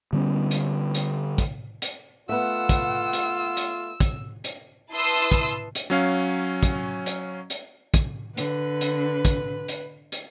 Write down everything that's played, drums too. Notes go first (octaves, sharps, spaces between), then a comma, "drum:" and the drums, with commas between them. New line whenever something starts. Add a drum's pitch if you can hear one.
D3 G3 B3 C#4
drum: hi-hat
drum: hi-hat
drum: kick, hi-hat
drum: hi-hat
A3 B3 F4 F#5 E6
drum: kick, hi-hat
drum: hi-hat
drum: hi-hat
drum: kick, hi-hat
drum: hi-hat
E4 B4 A5 C6 D#6 E6
drum: kick, hi-hat
drum: hi-hat
F#3 C#4 F5
drum: kick, hi-hat
drum: hi-hat
drum: hi-hat
drum: kick, hi-hat
D3 B4, drum: hi-hat
drum: hi-hat
drum: kick, hi-hat
drum: hi-hat
drum: hi-hat